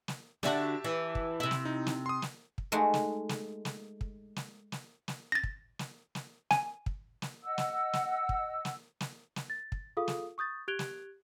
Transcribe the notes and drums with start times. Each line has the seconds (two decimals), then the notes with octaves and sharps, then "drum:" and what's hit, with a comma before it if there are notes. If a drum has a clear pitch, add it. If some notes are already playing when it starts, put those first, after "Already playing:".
0.08 drum: snare
0.43 D3 D4 F#4 G4 E5 A5, drum: snare
0.84 E3
1.15 drum: kick
1.40 C3 E4
1.51 drum: snare
1.65 D#4
1.87 drum: snare
2.06 C6 D#6
2.22 drum: snare
2.58 drum: kick
2.72 G#3 A3 D#4 F#4
2.94 drum: snare
3.29 drum: snare
3.65 drum: snare
4.01 drum: kick
4.36 drum: snare
4.72 drum: snare
5.08 drum: snare
5.32 A6 A#6
5.44 drum: kick
5.79 drum: snare
6.15 drum: snare
6.51 G#5, drum: snare
6.86 drum: kick
7.22 drum: snare
7.44 D#5 F#5 E6
7.58 drum: snare
7.93 drum: snare
8.29 drum: kick
8.65 drum: snare
9.01 drum: snare
9.36 drum: snare
9.50 A6
9.72 drum: kick
9.97 F4 G#4 A4 F5 D#6
10.08 drum: snare
10.38 C#6 D#6 G6 A6
10.68 G4 F#6 G#6 D7 F7 G7
10.79 drum: snare